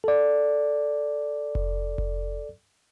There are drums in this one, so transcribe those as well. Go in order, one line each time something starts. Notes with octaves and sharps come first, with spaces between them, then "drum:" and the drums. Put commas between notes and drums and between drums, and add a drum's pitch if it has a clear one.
A4 D5
drum: kick F1
drum: kick F1